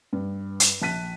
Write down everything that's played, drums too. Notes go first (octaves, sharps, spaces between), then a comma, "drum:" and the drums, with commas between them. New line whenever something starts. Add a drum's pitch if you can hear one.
G2
drum: hi-hat
A#1 A5 F#6 B6 D#7